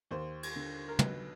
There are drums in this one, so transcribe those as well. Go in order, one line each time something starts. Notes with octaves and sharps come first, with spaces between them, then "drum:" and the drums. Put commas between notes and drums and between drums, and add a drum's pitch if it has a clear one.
D#2 C5
drum: cymbal
D3
A#4
B1 B4, drum: tom